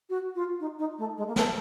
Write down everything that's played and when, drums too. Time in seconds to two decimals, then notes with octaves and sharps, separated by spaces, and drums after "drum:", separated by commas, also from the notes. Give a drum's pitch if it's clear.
0.10 F#4
0.35 F4
0.60 D#4
0.79 D#4
0.98 A3
1.17 G#3
1.28 A#3
1.36 A3, drum: snare